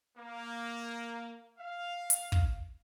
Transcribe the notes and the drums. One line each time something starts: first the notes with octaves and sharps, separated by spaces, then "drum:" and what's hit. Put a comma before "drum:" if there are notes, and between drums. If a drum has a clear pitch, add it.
A#3
F5
drum: hi-hat
drum: kick